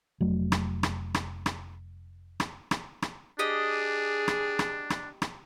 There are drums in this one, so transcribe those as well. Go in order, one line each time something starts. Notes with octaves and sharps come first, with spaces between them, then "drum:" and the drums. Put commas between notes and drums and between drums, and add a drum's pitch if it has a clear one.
F1 F#3 A3
drum: rim click
drum: rim click
drum: rim click
drum: rim click
drum: rim click
drum: rim click
drum: rim click
D4 G4 G#4 D#5
drum: rim click
drum: rim click
drum: rim click
drum: rim click